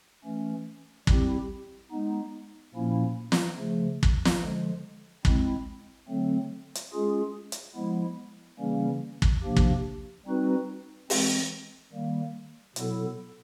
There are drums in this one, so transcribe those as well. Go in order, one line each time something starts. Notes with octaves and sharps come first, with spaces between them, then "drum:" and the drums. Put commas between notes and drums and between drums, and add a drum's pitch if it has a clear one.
E3 A3 C#4
G3 C4 E4 G4, drum: kick
G#3 B3 D#4
A#2 F3 A#3 C#4 E4
drum: snare
C#3 F3 A3
drum: kick
drum: snare
D3 F3 G#3
G#3 C4 E4, drum: kick
D3 F#3 A3 C4
drum: hi-hat
G#3 C#4 F4 G#4
drum: hi-hat
F3 G#3 B3 E4
C#3 E3 G3 A#3 C#4
drum: kick
C3 F3 A#3 D4 G4
drum: kick
G3 C4 D#4 F#4 B4
E3 G#3 C4, drum: open hi-hat
D#3 G3 A#3
B2 F#3 B3 E4 A4, drum: hi-hat